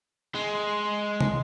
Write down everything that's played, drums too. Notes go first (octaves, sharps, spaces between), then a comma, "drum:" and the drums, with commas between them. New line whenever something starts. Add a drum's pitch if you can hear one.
G#3
drum: tom